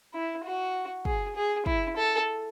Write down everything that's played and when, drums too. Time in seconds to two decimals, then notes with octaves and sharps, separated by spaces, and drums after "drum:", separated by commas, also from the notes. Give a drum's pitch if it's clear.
0.14 E4
0.44 F#4
1.05 G#4, drum: kick
1.35 G#4
1.66 E4, drum: kick
1.96 A4